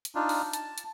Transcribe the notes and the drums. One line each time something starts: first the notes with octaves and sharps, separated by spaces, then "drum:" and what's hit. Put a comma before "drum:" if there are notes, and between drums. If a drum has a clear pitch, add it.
drum: hi-hat
D4 D#4 F4
drum: open hi-hat
A5, drum: hi-hat
drum: hi-hat